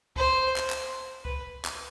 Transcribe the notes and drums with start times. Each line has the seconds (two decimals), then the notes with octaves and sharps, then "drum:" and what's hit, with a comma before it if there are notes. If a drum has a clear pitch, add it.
0.16 C5, drum: kick C#2
0.56 drum: clap
0.70 drum: clap
1.25 B4, drum: kick C#2
1.65 drum: clap